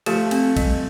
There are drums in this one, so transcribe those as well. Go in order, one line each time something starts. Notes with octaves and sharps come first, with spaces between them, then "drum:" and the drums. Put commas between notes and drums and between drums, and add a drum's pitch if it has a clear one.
F3 A3 G4, drum: cymbal
C4, drum: cymbal
G3, drum: kick, cymbal